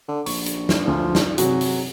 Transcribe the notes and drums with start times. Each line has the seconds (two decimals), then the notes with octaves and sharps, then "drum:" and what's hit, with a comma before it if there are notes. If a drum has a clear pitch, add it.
0.08 D3
0.26 A#1 C#6, drum: open hi-hat
0.46 drum: hi-hat
0.69 drum: snare
0.87 D2 F3
1.15 drum: snare
1.38 C3 F#3 F#4 G#4, drum: hi-hat
1.61 drum: open hi-hat